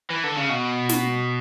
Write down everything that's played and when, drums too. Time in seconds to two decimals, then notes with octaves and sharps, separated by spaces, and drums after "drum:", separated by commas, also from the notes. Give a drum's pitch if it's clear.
0.10 E3
0.24 D3
0.37 C#3
0.49 B2
0.89 drum: snare